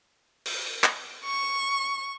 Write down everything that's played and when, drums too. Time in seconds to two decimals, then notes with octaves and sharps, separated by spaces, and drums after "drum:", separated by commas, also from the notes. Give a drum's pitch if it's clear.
0.46 drum: open hi-hat
0.84 drum: clap
1.24 C#6